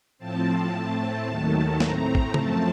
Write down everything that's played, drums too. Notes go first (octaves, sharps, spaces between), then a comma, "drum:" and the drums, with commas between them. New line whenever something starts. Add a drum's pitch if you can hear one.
A2 F3 C4 A5
A2 A3 C4
D#2 D#3 F#3 A3 A5
A2 A3 C4 A#5, drum: snare
drum: kick
F#2 F3 A3 C4 A5, drum: tom